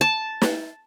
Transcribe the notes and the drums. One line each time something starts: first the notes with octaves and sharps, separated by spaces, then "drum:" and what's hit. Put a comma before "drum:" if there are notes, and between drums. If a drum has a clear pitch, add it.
A5
drum: snare